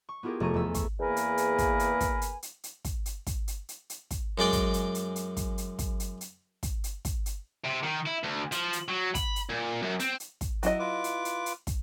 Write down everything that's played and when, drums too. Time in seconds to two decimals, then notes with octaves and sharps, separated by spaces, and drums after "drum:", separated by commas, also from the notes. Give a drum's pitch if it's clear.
0.09 C#6
0.23 B3 E4 F4 G4 G#4 A#4
0.40 F1 A3 G#5 A#5 C#6 D#7
0.54 E2 F3 E5 E6
0.74 C#6 E6, drum: kick, hi-hat
1.00 E2 A#3 G#4 A#4 B4 G#5
1.16 drum: hi-hat
1.37 drum: hi-hat
1.59 drum: kick, hi-hat
1.80 drum: hi-hat
2.01 drum: kick, hi-hat
2.22 drum: hi-hat
2.43 drum: hi-hat
2.64 drum: hi-hat
2.85 drum: kick, hi-hat
3.06 drum: hi-hat
3.27 drum: kick, hi-hat
3.48 drum: hi-hat
3.69 drum: hi-hat
3.90 drum: hi-hat
4.11 drum: kick, hi-hat
4.38 F#2 G#3 D5 G5
4.53 drum: kick, hi-hat
4.74 drum: hi-hat
4.95 drum: hi-hat
5.16 drum: hi-hat
5.37 drum: kick, hi-hat
5.58 drum: hi-hat
5.79 drum: kick, hi-hat
6.00 drum: hi-hat
6.21 drum: hi-hat
6.63 drum: kick, hi-hat
6.84 drum: hi-hat
7.05 drum: kick, hi-hat
7.26 drum: hi-hat
7.65 C3
7.84 D#3
8.06 E4
8.24 D2
8.52 F3, drum: hi-hat
8.73 drum: hi-hat
8.88 F#3
9.15 B5, drum: kick, hi-hat
9.36 drum: hi-hat
9.49 A#2
9.82 F#2
10.00 C4, drum: hi-hat
10.20 drum: hi-hat
10.41 drum: kick, hi-hat
10.63 F#3 E4 D#5, drum: hi-hat
10.79 F4 B4 D6
11.04 drum: hi-hat
11.25 drum: hi-hat
11.46 drum: hi-hat
11.67 drum: kick, hi-hat